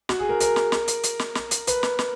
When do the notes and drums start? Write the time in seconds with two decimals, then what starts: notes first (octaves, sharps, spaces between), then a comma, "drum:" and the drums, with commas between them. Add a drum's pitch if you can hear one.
0.09 F#4, drum: snare
0.19 G#4
0.29 A#4
0.40 A#4, drum: hi-hat
0.56 drum: snare
0.72 drum: snare
0.88 drum: hi-hat
1.04 drum: hi-hat
1.19 drum: snare
1.35 drum: snare
1.51 drum: hi-hat
1.67 B4, drum: hi-hat
1.83 drum: snare
1.99 drum: snare